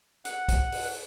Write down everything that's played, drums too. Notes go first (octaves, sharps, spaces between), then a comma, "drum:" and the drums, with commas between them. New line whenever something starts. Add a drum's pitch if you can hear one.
F#5, drum: hi-hat
drum: kick, hi-hat
drum: open hi-hat